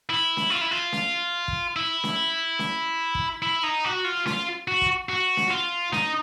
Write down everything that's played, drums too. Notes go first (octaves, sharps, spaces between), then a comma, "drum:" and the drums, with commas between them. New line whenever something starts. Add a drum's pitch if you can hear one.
E4
drum: snare C#4
F4
E4
F4
drum: snare C#4
drum: kick
E4
drum: snare C#4
drum: snare C#4
drum: kick
E4
D#4
F#4
F4
F4, drum: snare C#4
F#4
drum: kick
F#4
drum: snare C#4
F4
D#4, drum: snare C#4